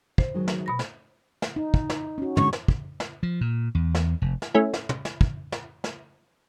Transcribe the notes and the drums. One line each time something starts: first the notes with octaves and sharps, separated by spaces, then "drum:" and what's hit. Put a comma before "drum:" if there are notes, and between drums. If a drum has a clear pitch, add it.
C5, drum: kick
D#3 F#3 G#3
drum: snare
B2 B5 A#6
drum: snare
drum: snare
D#4
drum: kick
drum: snare
C#4 F#4
D3 G#3 C#4 C#6, drum: tom
drum: snare
drum: kick
drum: snare
F3
A#2
E2
drum: snare
F1
drum: snare
A3 C#4 E4
drum: snare
drum: tom
drum: snare
drum: kick
drum: snare
drum: snare